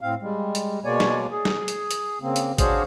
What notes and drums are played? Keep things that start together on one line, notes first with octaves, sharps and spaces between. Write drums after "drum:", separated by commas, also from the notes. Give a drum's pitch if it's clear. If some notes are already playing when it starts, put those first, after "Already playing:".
A2 C4 F5
G3 G#3
drum: hi-hat
B2 G#3 A#3 C#5 D5 G#5
drum: snare
G#4
drum: snare
drum: hi-hat
drum: hi-hat
C#3 A#3 C4
drum: hi-hat
D4 F#4 G#4 C5 C#5 F5, drum: kick, hi-hat